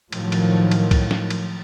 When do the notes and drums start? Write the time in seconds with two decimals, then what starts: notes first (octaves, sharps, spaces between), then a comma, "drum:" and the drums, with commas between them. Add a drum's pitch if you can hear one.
0.12 A2 D#3 F3 F#3, drum: cymbal
0.32 drum: cymbal
0.71 drum: cymbal
0.91 drum: kick C2, cymbal
1.11 drum: snare
1.30 drum: cymbal